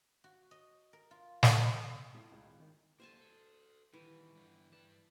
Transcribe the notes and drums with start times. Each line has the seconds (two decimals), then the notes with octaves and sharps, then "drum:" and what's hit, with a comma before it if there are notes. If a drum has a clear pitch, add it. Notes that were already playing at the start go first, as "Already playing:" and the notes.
0.24 F#4
0.51 D#5
0.93 A#4
1.11 F4
1.43 drum: snare
1.72 C6
1.85 C7
1.98 D#6
2.14 A2
2.32 C#2
2.45 G#1
2.60 D#3
3.00 A#3 G4 A4 C5 G#5 A5
3.21 F#4 A4
3.94 D#3 E3 G3
4.36 D3 G3
4.72 G3 B4 A5